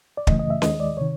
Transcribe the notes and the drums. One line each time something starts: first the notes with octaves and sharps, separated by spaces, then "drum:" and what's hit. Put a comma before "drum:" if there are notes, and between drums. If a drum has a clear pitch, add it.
D5
F#2 C#3 E3 A3 D#5, drum: kick
D#5
E5
D#2 D#3 G#3 D#5, drum: snare C#4
D5
C3 D#3 C#5